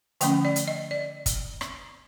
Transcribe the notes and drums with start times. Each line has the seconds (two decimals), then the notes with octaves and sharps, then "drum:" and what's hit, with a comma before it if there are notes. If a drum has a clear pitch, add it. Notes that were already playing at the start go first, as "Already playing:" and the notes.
0.21 D3 F3 A3 C#4 G5, drum: hi-hat
0.45 D5
0.56 drum: hi-hat
0.68 D#5
0.91 D5
1.26 drum: kick, hi-hat
1.61 drum: rim click